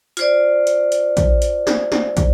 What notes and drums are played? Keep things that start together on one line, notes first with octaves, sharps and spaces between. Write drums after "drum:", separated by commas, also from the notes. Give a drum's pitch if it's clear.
F4 C5 D5, drum: hi-hat
drum: hi-hat
drum: hi-hat
drum: kick, hi-hat
drum: hi-hat
drum: snare
drum: snare
drum: kick, hi-hat